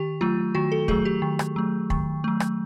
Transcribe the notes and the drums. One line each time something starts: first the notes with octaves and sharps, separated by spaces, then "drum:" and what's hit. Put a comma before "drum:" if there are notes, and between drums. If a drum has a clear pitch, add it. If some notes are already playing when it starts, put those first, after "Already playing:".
Already playing: D#3 G4
F#3 A3 F4
D#3 F#4
A4
F#3 A3 G#4, drum: kick
G4
D#3
drum: rim click
F#3 A3
D#3, drum: kick
F#3 A3
drum: rim click